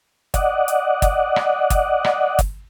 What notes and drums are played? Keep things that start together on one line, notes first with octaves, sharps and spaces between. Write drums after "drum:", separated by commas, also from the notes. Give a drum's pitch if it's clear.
D5 D#5 F#5, drum: kick, hi-hat
drum: hi-hat
drum: kick, hi-hat
drum: rim click
drum: kick, hi-hat
drum: rim click
drum: kick, hi-hat